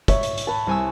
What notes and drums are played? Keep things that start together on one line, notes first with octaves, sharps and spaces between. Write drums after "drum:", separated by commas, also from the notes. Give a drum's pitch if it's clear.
C#5 E5 A#5, drum: kick, hi-hat
drum: hi-hat
drum: hi-hat
B4 A5
C2 G#5 E6